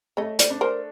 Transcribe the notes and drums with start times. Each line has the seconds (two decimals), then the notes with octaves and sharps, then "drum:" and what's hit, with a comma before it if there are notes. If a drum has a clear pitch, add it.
0.17 A3 C#5 D#5
0.39 C5 D5, drum: hi-hat
0.50 D4
0.61 A#4 C5